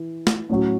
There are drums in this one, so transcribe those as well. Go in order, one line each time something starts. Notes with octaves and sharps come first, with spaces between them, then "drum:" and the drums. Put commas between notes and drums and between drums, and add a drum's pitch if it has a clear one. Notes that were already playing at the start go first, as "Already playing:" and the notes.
Already playing: E3
drum: snare
A2 F#3 C#4 F#4